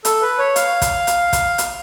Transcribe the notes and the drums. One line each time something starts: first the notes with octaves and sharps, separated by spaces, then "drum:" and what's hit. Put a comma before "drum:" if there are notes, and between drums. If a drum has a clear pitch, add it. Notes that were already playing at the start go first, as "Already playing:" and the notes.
A4, drum: hi-hat
B4
C#5
F5, drum: hi-hat
drum: kick, hi-hat
drum: hi-hat
drum: kick, hi-hat
drum: hi-hat